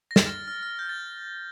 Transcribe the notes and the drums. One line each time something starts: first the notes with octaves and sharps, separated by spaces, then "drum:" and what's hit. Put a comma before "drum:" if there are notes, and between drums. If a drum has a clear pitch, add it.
A#6
A6, drum: snare
F6
F6
F6
G6
A6